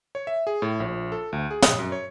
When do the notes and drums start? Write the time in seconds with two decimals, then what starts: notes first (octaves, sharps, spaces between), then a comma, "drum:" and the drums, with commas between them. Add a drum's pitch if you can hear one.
0.15 C#5
0.27 E5
0.47 G#4
0.62 A2
0.80 A#1
1.12 A4
1.33 D2
1.51 G#4
1.62 D#6, drum: snare
1.79 F#2
1.92 C#5